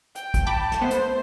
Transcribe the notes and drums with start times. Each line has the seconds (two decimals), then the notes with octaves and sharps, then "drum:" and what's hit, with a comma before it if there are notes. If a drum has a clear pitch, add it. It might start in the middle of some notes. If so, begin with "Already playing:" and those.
0.15 G5, drum: hi-hat
0.34 drum: kick, hi-hat
0.47 G5 A5 B5 D6
0.72 drum: snare
0.81 A3 B3 C5
0.90 drum: hi-hat